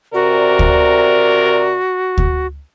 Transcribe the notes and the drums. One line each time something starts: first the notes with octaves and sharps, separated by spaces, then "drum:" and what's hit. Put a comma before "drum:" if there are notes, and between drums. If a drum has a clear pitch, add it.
C3 F#4 A#4 D5
drum: kick D2
drum: kick D2